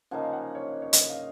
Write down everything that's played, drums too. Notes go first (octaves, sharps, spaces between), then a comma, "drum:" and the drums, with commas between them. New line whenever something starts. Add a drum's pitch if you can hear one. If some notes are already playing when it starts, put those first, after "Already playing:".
C#3 F3 A#3 D#4 F#5
F5
F#5
C#5
C#5
D#5, drum: hi-hat
F5